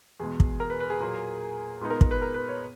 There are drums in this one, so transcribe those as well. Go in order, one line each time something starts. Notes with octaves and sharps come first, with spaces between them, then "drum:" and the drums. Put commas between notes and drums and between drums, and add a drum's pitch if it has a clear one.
E2 B2 G#3 G#4
drum: kick
A#4
B4
B4
G#4
A#2 F#3 A#3
A#2 G#3 B3 D#4
A#4
A#4, drum: kick
B4
A#4
B4
C#5